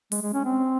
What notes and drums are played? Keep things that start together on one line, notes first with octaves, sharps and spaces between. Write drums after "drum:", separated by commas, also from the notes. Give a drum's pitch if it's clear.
G#3, drum: open hi-hat
G#3
C#4
C4